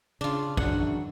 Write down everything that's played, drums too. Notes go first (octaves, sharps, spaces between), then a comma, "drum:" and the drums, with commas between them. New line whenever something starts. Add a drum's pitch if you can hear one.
C#3 D4 F4
F#2 D#3 E3 D4 F#4 F#5, drum: kick